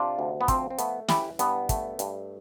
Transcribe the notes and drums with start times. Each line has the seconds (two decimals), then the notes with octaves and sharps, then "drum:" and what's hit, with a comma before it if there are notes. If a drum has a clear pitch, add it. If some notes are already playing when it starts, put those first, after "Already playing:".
Already playing: C3 D4 F4
0.19 D2
0.41 B3
0.48 F3 C4, drum: kick, hi-hat
0.70 C4
0.78 A3 B3, drum: hi-hat
1.08 E3 E4 G4, drum: snare
1.39 G2 B3, drum: hi-hat
1.69 A3, drum: kick, hi-hat
1.99 G2, drum: hi-hat